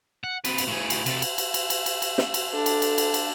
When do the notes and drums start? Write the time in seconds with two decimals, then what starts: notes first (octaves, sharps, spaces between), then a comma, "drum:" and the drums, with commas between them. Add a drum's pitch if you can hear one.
0.24 F#5
0.45 C4 B4, drum: cymbal
0.58 drum: cymbal
0.68 A2 G#4
0.90 drum: cymbal
1.06 C3 A4, drum: cymbal
1.22 drum: cymbal
1.38 drum: cymbal
1.54 drum: cymbal
1.70 drum: cymbal
1.86 drum: cymbal
2.02 drum: cymbal
2.18 drum: snare
2.34 drum: cymbal
2.54 D4 A4
2.66 drum: cymbal
2.82 drum: cymbal
2.98 drum: cymbal
3.14 drum: cymbal